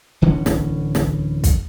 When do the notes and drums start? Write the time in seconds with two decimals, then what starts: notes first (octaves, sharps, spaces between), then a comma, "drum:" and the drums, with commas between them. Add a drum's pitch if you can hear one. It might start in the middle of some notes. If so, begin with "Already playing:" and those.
0.22 D1 D3 E3 C#4
0.46 drum: snare
0.95 drum: snare
1.44 drum: kick, hi-hat